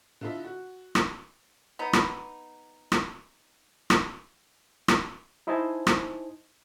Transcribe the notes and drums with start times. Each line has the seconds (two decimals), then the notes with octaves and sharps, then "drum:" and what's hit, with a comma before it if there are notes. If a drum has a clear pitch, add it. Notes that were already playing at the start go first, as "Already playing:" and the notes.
0.21 D3 E4 F4 A4 D#5 E5
0.45 F#4
0.95 drum: rim click
1.79 B3 D#4
1.93 drum: rim click
2.92 drum: rim click
3.90 drum: rim click
4.88 drum: rim click
5.47 D#4 E4 C5 D#5 G#5 A5
5.87 drum: rim click